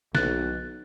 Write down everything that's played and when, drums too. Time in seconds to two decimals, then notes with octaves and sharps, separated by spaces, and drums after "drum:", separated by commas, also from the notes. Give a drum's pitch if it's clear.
0.15 B1 F#6 A6, drum: snare